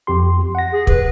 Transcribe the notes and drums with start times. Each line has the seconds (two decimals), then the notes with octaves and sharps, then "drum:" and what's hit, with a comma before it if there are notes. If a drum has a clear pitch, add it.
0.07 F2 G4 C6
0.55 F#5 A#6
0.72 G#4
0.87 B4, drum: kick